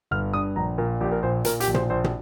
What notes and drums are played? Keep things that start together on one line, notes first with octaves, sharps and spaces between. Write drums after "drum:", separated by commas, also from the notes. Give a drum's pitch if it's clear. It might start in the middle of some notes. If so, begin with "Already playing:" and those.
G1 F6
G2 D#6
A#1 A#5
A#2 A#4
A#1 G4
A#4
A#2 C5
A#2 A#4, drum: hi-hat
G4, drum: hi-hat
A#1
C5, drum: tom
A#1 C5
drum: tom